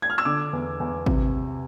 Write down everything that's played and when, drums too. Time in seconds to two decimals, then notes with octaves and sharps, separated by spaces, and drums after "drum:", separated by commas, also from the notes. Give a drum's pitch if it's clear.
0.02 G#6
0.10 F6
0.18 E6
0.25 D3 D6
0.53 E2
0.80 E2
1.06 C3, drum: kick G#1